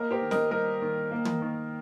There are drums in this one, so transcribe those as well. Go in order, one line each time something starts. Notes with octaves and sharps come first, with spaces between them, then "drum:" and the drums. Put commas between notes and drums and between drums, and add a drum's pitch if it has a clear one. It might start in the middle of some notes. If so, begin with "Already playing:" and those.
Already playing: A#3 A#4 D#5
G4 C5
D#3
A#4 D#5, drum: snare
G3 A#4 D#5
D#3
A#3
drum: tom
D#3